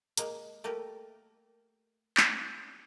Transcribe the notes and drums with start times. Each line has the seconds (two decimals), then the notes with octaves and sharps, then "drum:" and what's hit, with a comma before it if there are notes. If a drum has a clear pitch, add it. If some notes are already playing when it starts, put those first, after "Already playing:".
0.17 G#3 A#3 A#4, drum: hi-hat
0.64 A3 A#3 G4 A#4
2.17 drum: clap